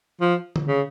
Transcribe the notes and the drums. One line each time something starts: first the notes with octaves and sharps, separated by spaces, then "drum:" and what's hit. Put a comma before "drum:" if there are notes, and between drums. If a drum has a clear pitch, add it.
F3
drum: tom D3
C#3